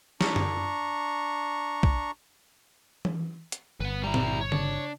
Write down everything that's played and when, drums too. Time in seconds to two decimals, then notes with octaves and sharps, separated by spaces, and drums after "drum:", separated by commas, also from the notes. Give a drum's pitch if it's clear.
0.21 D4 A#5 C#6, drum: snare
0.36 drum: tom
1.83 drum: kick B1
3.05 drum: tom E3
3.52 drum: hi-hat
3.80 G1 B4 F#5
4.04 G3 E4 A#5
4.14 drum: tom A#2
4.41 C#5
4.52 D4, drum: tom C#3